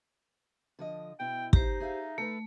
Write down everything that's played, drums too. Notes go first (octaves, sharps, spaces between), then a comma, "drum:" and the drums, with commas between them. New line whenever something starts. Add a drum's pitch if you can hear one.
D3 F3 D#5
B2 E4 G5
D#4 G4 C5, drum: kick
G#4 E5 F5
A3 A4 B4